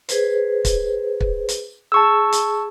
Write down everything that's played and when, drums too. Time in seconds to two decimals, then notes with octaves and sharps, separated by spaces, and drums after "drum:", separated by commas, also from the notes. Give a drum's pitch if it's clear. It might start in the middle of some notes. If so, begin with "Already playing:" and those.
0.09 G#4 B4 C5, drum: hi-hat
0.65 drum: kick, hi-hat
1.21 drum: kick
1.49 drum: hi-hat
1.92 G#4 A5 C#6 E6
2.32 drum: hi-hat